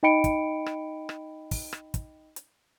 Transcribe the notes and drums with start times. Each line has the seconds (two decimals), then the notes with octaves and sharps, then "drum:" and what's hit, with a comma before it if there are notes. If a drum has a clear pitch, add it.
0.03 D#4 D#5 G5 B5 C#7 D7
0.24 drum: kick, hi-hat
0.66 drum: rim click
1.09 drum: rim click
1.51 drum: kick, open hi-hat
1.73 drum: rim click
1.94 drum: kick, hi-hat
2.36 drum: hi-hat